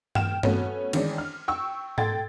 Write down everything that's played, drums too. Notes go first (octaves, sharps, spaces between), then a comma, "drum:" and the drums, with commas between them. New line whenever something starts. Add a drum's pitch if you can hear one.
G5 F6 E7, drum: tom G2
F#3 A3 B3 C#4, drum: tom G2
D#3 E3 G#3 C#4 D4, drum: cymbal
F6
G5 C#6 E6
A4 G5 C6 G#6 A6, drum: tom G#2